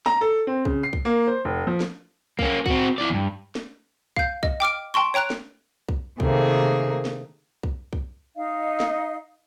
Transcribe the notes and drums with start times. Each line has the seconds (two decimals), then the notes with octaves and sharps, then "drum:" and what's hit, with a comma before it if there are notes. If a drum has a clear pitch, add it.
0.06 A#5, drum: snare
0.21 A4
0.47 C4
0.65 C#3, drum: kick B1
0.83 C7
0.93 drum: kick B1
1.05 A#3
1.27 C5
1.45 F1
1.67 F3
1.80 drum: snare
2.39 A#3 C#4, drum: kick B1
2.66 C4 F#4, drum: kick B1
2.98 E4 D5
3.10 E2 G2
3.55 drum: snare
4.16 F5 G6, drum: kick B1
4.43 D#5, drum: kick B1
4.60 G5 D6 F6 D7
4.94 G5 A5 C6 C#6
5.14 C#5 G5 A#5 F#6 F7
5.30 drum: snare
5.89 drum: kick B1
6.20 C3 D#3 A3 A#3 G#4, drum: kick B1
7.05 drum: snare
7.63 drum: kick B1
7.93 drum: kick B1
8.35 D#4 D#5 F5
8.80 drum: snare